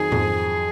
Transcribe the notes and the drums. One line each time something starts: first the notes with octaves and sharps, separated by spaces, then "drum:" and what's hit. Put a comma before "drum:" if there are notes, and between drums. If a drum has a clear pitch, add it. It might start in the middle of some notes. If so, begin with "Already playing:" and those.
Already playing: F2 D#3 F#3 C4 D#4 G#4
F2, drum: tom G#2